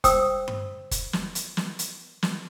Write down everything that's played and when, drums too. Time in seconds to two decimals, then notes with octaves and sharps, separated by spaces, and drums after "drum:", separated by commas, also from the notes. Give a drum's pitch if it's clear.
0.04 C5 G5 D#6 E6, drum: kick F#1, hi-hat
0.48 drum: tom G2
0.91 drum: kick F#1, hi-hat
1.13 drum: snare
1.35 drum: hi-hat
1.57 drum: snare
1.79 drum: hi-hat
2.23 drum: snare